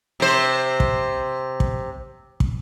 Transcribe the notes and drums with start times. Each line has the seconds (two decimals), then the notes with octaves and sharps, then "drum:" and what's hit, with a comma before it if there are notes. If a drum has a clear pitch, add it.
0.20 C3 C5
0.80 drum: kick
1.60 drum: kick
2.40 drum: kick